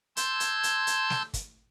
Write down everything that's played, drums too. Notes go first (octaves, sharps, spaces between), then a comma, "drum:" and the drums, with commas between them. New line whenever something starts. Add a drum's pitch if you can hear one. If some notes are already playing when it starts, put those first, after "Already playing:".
A5 C6 E6 G6 G#6, drum: hi-hat
drum: hi-hat
drum: hi-hat
drum: hi-hat
drum: snare
drum: kick, hi-hat